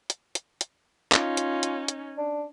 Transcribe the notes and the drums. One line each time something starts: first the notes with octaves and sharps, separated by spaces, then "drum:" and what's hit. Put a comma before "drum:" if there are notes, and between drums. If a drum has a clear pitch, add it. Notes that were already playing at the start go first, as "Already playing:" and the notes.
drum: hi-hat
drum: hi-hat
drum: hi-hat
C#4 D#4 F4, drum: clap
drum: hi-hat
drum: hi-hat
drum: hi-hat
D4